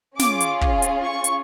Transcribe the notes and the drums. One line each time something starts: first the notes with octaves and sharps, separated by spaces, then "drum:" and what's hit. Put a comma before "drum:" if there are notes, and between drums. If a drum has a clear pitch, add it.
C#4 F4 G#4 D6, drum: snare
drum: hi-hat
drum: kick
drum: hi-hat
C#6
drum: hi-hat